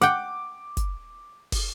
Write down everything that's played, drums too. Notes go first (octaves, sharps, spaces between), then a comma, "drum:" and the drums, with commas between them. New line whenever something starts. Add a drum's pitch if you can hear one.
F#5 G5 D6, drum: hi-hat
drum: kick, hi-hat
drum: kick, open hi-hat